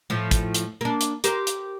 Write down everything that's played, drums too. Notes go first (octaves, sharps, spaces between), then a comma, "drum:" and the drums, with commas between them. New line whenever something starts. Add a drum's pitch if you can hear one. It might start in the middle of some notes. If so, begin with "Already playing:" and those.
A2 F3
drum: kick, hi-hat
drum: hi-hat
A#3 D4
drum: hi-hat
G4 A#4 C5, drum: hi-hat
drum: hi-hat